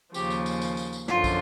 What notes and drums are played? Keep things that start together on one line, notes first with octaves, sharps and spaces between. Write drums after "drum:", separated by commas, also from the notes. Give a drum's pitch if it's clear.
D#2 C#3 F3 G4, drum: tambourine
drum: tambourine
drum: tambourine
drum: tambourine
drum: tambourine
drum: tambourine
F#2 D3 F3 F4, drum: snare
drum: kick, tambourine